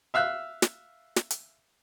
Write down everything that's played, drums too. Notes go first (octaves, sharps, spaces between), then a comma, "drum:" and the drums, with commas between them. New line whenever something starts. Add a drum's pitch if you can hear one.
E5 F5 E6 F#6
drum: snare
drum: snare
drum: hi-hat